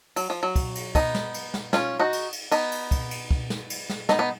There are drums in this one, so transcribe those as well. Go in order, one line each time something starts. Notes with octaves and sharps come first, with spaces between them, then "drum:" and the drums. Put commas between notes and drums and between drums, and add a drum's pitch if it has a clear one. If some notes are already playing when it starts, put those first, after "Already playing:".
F#3, drum: cymbal
F3
F#3
drum: kick, cymbal
drum: cymbal
B3 D#4, drum: kick, cymbal
drum: snare
drum: cymbal
drum: snare
C#4 F4, drum: snare
D#4 F#4
drum: cymbal
drum: cymbal
B3 D#4, drum: cymbal
drum: cymbal
drum: kick, cymbal
drum: cymbal
drum: kick
drum: snare
drum: cymbal
drum: snare
B3 D#4, drum: snare
B3